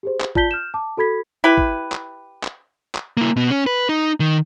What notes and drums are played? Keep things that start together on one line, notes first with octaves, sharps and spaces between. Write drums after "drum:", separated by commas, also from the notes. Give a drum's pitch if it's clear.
G4 G#4 C5
drum: clap
F4 D5 A5 G6 B6 G7, drum: kick
F6 G6 E7
A5 D6
F#4 A4 B5 G#6 B6
E4 G4 B4
drum: kick
drum: clap
drum: clap
drum: clap
A#3 E4
B2 B3
C#4
B4
D#4
D#3